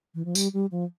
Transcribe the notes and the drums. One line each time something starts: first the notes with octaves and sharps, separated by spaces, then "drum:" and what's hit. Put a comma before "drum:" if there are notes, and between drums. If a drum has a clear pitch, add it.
E3
F3
G3, drum: tambourine
G3
F3